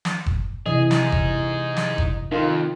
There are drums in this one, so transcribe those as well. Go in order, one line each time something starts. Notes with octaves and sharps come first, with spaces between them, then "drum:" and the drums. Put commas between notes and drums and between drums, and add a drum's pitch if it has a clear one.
drum: snare
drum: kick F#1
C3 E3 G#4 D#5
D#4 G#4, drum: snare
drum: kick F#1
drum: snare
drum: kick F#1
F2 D#3 F4